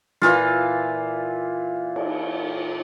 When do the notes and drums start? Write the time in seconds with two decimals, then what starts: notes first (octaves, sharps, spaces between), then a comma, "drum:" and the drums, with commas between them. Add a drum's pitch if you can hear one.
0.22 A#2 E3 F4, drum: snare
1.96 drum: cymbal